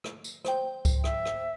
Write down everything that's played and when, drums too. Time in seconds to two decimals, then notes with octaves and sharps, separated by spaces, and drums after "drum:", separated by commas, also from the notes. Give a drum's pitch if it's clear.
0.04 drum: rim click
0.24 drum: tambourine
0.45 C5 G5, drum: rim click
0.85 drum: kick C#2, tambourine
1.04 E5, drum: rim click
1.25 drum: rim click